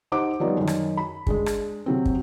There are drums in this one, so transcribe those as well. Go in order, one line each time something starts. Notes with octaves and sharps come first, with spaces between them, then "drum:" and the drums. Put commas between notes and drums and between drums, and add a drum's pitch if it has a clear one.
D#4 G4 C5 F#5 D6
F3 G3 B3 D#4 C#5 D5
F#2 D#3
drum: rim click
B5
G#3 D4 G#4, drum: kick
drum: rim click
C3 F#3 C4
drum: kick